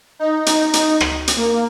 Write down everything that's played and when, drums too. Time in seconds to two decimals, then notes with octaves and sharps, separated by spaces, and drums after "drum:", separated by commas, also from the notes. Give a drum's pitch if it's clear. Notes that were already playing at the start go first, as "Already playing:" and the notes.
0.19 D#4
0.46 drum: hi-hat
0.73 drum: hi-hat
1.00 drum: rim click
1.28 drum: hi-hat
1.37 A#3